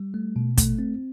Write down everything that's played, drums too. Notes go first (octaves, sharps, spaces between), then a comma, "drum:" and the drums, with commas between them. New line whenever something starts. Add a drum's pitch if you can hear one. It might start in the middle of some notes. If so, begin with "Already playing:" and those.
Already playing: G3
A3
B2
A3, drum: kick, hi-hat
C4